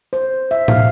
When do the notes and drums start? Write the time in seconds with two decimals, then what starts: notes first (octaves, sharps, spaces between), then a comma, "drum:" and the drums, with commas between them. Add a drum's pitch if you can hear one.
0.13 C5
0.51 E5
0.68 F5, drum: tom A2